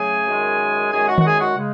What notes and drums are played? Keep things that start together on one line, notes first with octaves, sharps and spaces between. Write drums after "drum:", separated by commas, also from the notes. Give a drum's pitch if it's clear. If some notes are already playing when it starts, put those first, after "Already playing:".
Already playing: C#3 F#3 A3 G#4 G#5
F#2 D#3 G#3
F#2 D#3 G#3 G#4 G#5
F#4 F#5
F#5, drum: tom D#3
G#4 G#5
F#4 F#5
C#3 G#3